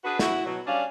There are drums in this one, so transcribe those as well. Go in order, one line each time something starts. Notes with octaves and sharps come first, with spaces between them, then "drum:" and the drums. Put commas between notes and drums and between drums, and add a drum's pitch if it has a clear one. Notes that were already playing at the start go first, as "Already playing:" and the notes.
D4 F#4 G#4 B4
E4 F#4, drum: snare
B2 F#3
G3 C#4 D4 D5 F5